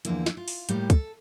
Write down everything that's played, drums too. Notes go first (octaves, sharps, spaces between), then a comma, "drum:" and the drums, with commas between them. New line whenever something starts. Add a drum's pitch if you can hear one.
E2 D3 F3 A#3 E4, drum: hi-hat
drum: snare
F4
drum: open hi-hat
A2 G3 A#3 G4, drum: hi-hat
A4, drum: kick, hi-hat